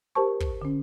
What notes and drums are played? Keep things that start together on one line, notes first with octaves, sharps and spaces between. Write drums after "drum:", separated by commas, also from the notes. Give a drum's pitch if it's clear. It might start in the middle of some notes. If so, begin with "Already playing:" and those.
G4 A#4 C5 A5 C#6
drum: kick
D3 C#4